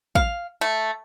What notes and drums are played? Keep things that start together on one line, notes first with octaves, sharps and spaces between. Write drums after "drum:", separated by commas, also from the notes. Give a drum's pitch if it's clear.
F5, drum: kick
A3